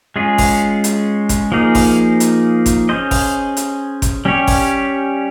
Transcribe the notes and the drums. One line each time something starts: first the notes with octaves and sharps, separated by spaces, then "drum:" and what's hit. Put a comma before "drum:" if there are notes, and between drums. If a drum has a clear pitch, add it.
G#3 C#4 F4 G#4
drum: kick G1, open hi-hat
drum: hi-hat
drum: kick G1, hi-hat
F3 A#3 D#4 G#4
drum: kick G1, open hi-hat
drum: hi-hat
drum: kick G1, hi-hat
C#4 G#4 C5 D#5
drum: kick G1, open hi-hat
drum: hi-hat
drum: kick G1, hi-hat
G3 C#4 G4 C#5
drum: kick G1, open hi-hat